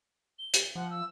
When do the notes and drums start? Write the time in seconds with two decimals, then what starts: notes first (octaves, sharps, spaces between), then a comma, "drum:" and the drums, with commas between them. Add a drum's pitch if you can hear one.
0.39 G7
0.54 drum: hi-hat
0.75 F3 F#5
0.90 E6